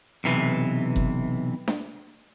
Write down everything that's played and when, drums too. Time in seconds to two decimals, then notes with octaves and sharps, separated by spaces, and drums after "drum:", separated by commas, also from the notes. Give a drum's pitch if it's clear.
0.24 B1 C3 E3
0.96 drum: kick F#1
1.68 drum: snare D4